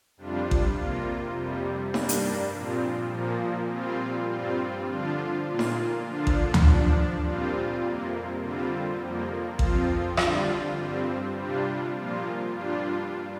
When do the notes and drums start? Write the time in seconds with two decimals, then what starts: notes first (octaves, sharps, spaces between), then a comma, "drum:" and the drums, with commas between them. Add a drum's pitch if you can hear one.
0.17 F2 C3 G3 D4 F4
0.51 drum: kick A1
0.76 C3 A#3 F4
1.35 F2 C3 G3
1.94 G2 G3 A#3 D4, drum: snare D#4
2.09 drum: hi-hat
2.53 A#2 F3 C4 F4
3.11 A#2 F3 A#3
3.70 A#2 G3 C4 F4
4.29 G2 G3 C4 F4
4.88 D3 F3 D4 F4
5.48 A#2 A#3 F4
5.59 drum: snare D#4
6.05 D3 F3 D4 F4
6.27 drum: kick A1
6.54 drum: tom D2
6.64 G2 F3 D4
7.23 A#2 G3 C4 F4
7.82 F2 C3 A#3
8.42 D3 G3 C4 F4
9.00 F2 F3 A#3
9.59 F2 F3 C4 F4, drum: kick A1
10.17 D3 G3 D4 F4, drum: rim click
10.76 G2 G3 C4
11.36 C3 G3 D4 F4
11.95 A#2 F3 A#3 F4
12.53 G2 G3 D4 F4